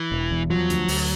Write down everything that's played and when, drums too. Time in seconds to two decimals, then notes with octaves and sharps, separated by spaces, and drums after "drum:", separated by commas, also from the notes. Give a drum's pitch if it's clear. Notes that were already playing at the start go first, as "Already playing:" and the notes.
Already playing: E3
0.12 E1
0.32 E2
0.50 F3 F#3
0.70 D2, drum: hi-hat
0.88 D2, drum: open hi-hat